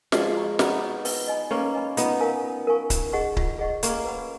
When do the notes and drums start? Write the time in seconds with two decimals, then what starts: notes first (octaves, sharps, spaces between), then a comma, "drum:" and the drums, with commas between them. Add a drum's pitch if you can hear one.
0.12 F3 G#3 B4, drum: snare
0.35 D#5 A#5 C#6
0.59 B3 D#4 B4, drum: snare
0.82 D#5 A#5 C#6
1.05 B4, drum: open hi-hat
1.28 D#5 G#5 B5
1.51 A#3 C#4 B4
1.74 D#5 G#5 B5
1.97 B3 D#4 F4, drum: hi-hat
2.20 A#4 F5 G#5 C#6
2.43 F4
2.67 A#4 F5 G#5 C#6
2.90 F4, drum: kick C#1, hi-hat
3.13 G#4 D#5 F#5 C#6
3.37 F4, drum: kick C#1
3.59 G#4 D#5 F#5 C#6
3.83 A#3 C#4 G#4, drum: hi-hat
4.05 B4 F#5 B5